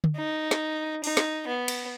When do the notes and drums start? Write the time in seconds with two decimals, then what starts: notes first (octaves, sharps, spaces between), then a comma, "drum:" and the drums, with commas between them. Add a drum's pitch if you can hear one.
0.04 drum: tom D3
0.16 D#4
0.51 drum: snare
1.04 D#4, drum: open hi-hat
1.17 drum: snare
1.47 B3
1.68 drum: cymbal